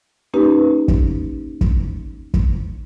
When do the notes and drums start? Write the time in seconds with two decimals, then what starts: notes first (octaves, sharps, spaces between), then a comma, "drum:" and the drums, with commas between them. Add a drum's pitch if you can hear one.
0.34 A#3 C#4 D#4 G4 B4
0.88 drum: kick
1.61 drum: kick
2.34 drum: kick